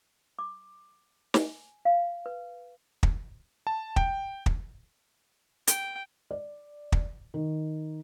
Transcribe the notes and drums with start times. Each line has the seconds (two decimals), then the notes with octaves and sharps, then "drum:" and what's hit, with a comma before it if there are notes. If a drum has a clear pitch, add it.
0.39 D6
1.34 G#5, drum: snare
1.85 F5
2.26 B4
3.03 drum: kick
3.67 A5
3.96 G5, drum: kick
4.46 drum: kick
5.67 G5, drum: hi-hat
6.31 D5
6.92 drum: kick
7.34 D#3